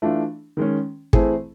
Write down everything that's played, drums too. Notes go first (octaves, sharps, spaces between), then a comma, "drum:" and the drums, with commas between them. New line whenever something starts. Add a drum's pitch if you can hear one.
E3 A3 D4 F4
D#3 G#3 C#4
E3 A3 C4 E4 G#4, drum: kick